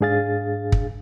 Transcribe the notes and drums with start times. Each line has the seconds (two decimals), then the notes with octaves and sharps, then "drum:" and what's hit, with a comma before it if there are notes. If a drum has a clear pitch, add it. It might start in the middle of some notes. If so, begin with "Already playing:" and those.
0.01 G#2 D4 G#4 F5 A6
0.72 drum: kick